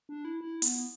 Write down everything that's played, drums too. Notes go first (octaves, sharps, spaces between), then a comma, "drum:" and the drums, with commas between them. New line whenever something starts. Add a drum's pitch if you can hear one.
D4
E4
E4
B3, drum: hi-hat